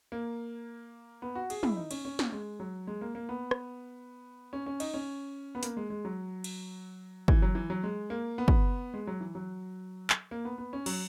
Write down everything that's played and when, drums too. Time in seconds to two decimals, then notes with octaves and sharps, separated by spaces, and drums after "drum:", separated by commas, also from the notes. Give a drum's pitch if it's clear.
0.12 A#3
1.22 B3
1.35 F#4
1.50 G#4, drum: cymbal
1.63 E4, drum: tom
1.77 D#4
1.91 C#4, drum: cymbal
2.05 C#4
2.19 C#4, drum: snare
2.32 G#3
2.60 F#3
2.87 G#3
3.01 A#3
3.15 A#3
3.29 B3
3.51 drum: rim click
4.53 C#4
4.66 C#4
4.80 D#4, drum: cymbal
4.94 C#4
5.55 B3
5.63 A#3, drum: hi-hat
5.77 G#3
5.90 G#3
6.05 F#3
6.44 drum: cymbal
7.28 E3, drum: kick
7.42 F#3
7.55 E3
7.70 F#3
7.83 G#3
8.10 A#3
8.38 B3
8.48 drum: kick
8.94 G#3
9.07 F#3
9.21 E3
9.35 F#3
10.10 drum: clap
10.31 A#3
10.45 B3
10.58 B3
10.73 C#4
10.86 F#3, drum: cymbal